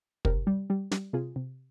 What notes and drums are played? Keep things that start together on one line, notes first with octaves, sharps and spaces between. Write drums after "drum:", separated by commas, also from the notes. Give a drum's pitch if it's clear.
C3 G4 A#4, drum: kick
G3
G3
G3, drum: snare
C3 F4 G#4
C3